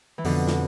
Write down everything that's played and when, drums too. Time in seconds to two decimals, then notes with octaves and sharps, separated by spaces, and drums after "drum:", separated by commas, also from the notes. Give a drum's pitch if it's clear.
0.18 E3
0.24 F2 B2 D3, drum: open hi-hat
0.47 drum: snare